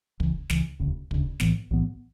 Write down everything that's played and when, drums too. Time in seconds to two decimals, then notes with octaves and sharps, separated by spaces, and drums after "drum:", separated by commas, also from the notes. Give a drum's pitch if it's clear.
0.20 C#2 C#3 E3, drum: kick
0.50 C#2 C#3 E3, drum: snare
0.80 E1 D2 C#3
1.11 E1 D2 C#3, drum: kick
1.40 B1 A2 E3 B3, drum: snare
1.71 B1 A2 E3 B3